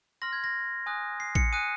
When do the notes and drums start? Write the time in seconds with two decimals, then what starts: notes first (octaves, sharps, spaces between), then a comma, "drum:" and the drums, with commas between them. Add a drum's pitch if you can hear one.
0.22 C6 F6 A#6
0.33 G#6
0.44 A#6
0.86 G#5 D#6 F#6
1.20 C7
1.35 C#7, drum: kick A1
1.53 G#5 D#6 F#6 D#7